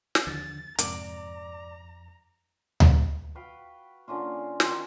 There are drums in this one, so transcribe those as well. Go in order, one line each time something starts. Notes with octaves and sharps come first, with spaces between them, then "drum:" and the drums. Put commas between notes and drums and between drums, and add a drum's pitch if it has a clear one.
drum: snare
D#2 D3 F3 A6
F2 G#2 C3 D5 A#5, drum: hi-hat
drum: tom D2
F#4 B4 F5 G5
D3 A#3 C#4 F4
D#3 F4 G#4, drum: snare